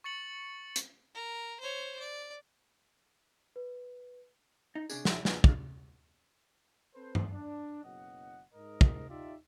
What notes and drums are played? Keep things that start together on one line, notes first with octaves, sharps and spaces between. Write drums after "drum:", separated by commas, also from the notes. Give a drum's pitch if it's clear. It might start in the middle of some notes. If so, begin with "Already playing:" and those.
C#6 A6 C#7 F#7
drum: hi-hat
A#4
C5 C#5
D5
B4
D#4
C3 C#4 D4 G#4, drum: tambourine
D4 E4 F#4 G#4 C#5 E5, drum: snare
A#3 D4 F4 G#4 B4 D#5, drum: snare
D#3 F3 G#3 A3 D4 F4, drum: kick
C4 A4 B4 C5
drum: tom G2
D4
F#1 B2 F#3 D#5 F#5
G#2 A#4 D#5
drum: kick
D#4 F4 G4 D5 E5